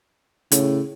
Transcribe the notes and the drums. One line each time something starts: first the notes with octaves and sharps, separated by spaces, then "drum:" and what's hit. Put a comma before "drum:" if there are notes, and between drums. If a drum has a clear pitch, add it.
A2 C#3, drum: hi-hat